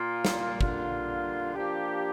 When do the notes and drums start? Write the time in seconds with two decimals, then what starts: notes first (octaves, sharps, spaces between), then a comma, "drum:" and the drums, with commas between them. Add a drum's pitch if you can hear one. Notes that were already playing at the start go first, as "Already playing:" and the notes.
Already playing: A#2 A#3 F4
0.25 drum: snare
0.61 D3 G3 A#3 F4, drum: kick
1.55 F3 A#3 D4 G4